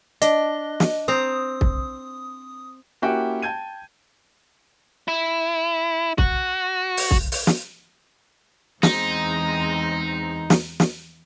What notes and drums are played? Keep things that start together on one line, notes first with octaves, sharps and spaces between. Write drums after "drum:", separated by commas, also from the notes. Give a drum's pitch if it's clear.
D4 D#5, drum: hi-hat
drum: snare
C4 A#5 D#6
drum: kick
A#3 C#4 E4 F#4 G4 G5
G5 A5 G6 G#6 D#7
E4
F#4, drum: kick
drum: open hi-hat
drum: kick
drum: open hi-hat
drum: snare
E2 G#3 C4 D#4 A#5, drum: snare
drum: snare
drum: snare